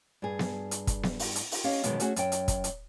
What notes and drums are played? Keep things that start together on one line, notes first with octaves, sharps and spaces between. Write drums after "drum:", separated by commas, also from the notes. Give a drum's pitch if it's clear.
G2 G#4
drum: snare B3
drum: hi-hat
drum: kick, hi-hat
drum: snare B3
drum: open hi-hat
drum: hi-hat
drum: open hi-hat
C#4 G4 D#5 F5
F#2 B2 D#3 E3 G#3, drum: hi-hat
A3 C#4 F#4 G#4, drum: hi-hat
F#2 G5, drum: hi-hat
drum: hi-hat
drum: kick, hi-hat
drum: hi-hat